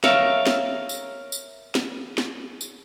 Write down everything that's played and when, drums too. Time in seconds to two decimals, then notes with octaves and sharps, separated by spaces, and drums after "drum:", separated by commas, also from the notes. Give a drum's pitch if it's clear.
0.04 A#4 C#5 E5 F5, drum: snare
0.47 drum: snare
0.89 drum: tambourine
1.32 drum: tambourine
1.75 drum: snare
2.18 drum: snare
2.61 drum: tambourine